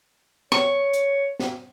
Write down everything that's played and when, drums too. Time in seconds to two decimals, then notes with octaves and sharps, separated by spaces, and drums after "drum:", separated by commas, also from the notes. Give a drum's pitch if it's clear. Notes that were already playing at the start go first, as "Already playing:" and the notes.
0.52 C#5 C#6, drum: snare
0.93 drum: hi-hat
1.39 drum: snare